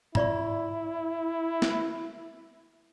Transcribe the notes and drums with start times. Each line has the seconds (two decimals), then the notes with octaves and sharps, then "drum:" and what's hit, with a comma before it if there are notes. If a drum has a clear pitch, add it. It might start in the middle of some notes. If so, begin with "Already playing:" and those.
0.15 E4 F4 D5 C#6, drum: tom
1.62 drum: snare